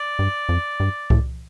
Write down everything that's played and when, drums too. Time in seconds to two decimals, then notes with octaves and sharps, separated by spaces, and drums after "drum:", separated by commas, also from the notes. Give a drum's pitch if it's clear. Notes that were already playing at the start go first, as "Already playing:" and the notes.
Already playing: D5
0.19 G2
0.49 F2
0.80 G2
1.10 A2, drum: kick C2